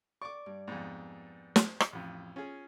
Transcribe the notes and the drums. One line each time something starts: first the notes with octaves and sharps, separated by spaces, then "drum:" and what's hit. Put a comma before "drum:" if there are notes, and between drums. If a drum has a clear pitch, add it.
D5 C#6 D6
G2
F2 G#2 B3 G#4
drum: snare
drum: rim click
A1 F2
C#4 F4 G#4